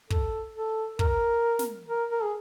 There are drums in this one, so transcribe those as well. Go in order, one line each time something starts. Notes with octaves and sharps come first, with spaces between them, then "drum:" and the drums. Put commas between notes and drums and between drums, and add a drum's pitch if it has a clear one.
A4, drum: kick
A4
A#4, drum: kick
drum: snare
A#4
A#4
G#4